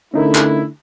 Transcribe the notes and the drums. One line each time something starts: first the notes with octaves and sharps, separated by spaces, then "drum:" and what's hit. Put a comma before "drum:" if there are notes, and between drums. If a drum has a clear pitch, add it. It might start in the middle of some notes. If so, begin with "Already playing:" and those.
D3 A3 C#4 D#4 E4 A#4
drum: clap